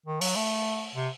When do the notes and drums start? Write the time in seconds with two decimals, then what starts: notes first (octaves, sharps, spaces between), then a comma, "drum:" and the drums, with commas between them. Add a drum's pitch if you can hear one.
0.06 D#3
0.21 F#3, drum: open hi-hat
0.36 A3
0.95 C3